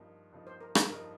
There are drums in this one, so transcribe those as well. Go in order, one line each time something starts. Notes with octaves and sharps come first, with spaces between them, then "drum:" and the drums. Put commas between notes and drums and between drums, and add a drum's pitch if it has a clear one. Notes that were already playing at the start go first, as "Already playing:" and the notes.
Already playing: G2 F3 A#3 D#4
G2 F3 A#3 D#4
C5
A#4
A4, drum: rim click
G2 F3 A#3 D#4 A#4